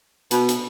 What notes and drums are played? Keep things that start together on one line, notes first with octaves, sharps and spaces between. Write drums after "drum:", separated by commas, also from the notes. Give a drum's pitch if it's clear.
B2, drum: hi-hat
drum: hi-hat